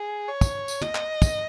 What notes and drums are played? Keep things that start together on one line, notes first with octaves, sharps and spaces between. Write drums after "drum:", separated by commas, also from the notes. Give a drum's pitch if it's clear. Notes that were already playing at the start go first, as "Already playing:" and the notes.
Already playing: G#4
C#5
drum: kick, tambourine
drum: tambourine
D#5, drum: tom
drum: clap
drum: kick, tambourine